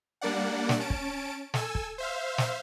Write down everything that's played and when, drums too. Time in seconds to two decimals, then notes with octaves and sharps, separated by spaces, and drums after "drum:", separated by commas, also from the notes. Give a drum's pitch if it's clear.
0.21 G3 A#3 D4 D5 F#5
0.69 drum: snare
0.80 C#4 A5 D7
0.90 drum: kick
1.54 A4 G#5 E6, drum: snare
1.75 drum: kick
1.98 C5 E5 F5
2.38 drum: snare